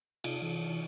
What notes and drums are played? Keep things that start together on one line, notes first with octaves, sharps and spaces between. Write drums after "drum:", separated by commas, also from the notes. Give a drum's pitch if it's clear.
C3 F4, drum: cymbal
E3
E3